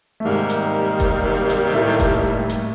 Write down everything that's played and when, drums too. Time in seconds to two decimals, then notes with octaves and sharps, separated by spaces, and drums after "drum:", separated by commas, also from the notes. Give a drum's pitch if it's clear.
0.20 A3
0.24 G#2 C3 D#3 G3 G#3 A#3 D#4
0.50 drum: hi-hat
1.00 drum: kick F1, hi-hat
1.50 drum: hi-hat
1.74 A2 A3
2.00 drum: kick F1, hi-hat
2.49 drum: hi-hat